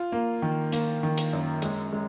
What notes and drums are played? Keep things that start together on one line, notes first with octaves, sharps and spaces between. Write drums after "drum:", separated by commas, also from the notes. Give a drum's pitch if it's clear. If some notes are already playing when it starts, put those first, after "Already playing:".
Already playing: F4
A#3
D#3
A#3, drum: hi-hat
D#3
drum: hi-hat
F#2
G#3, drum: hi-hat
G#3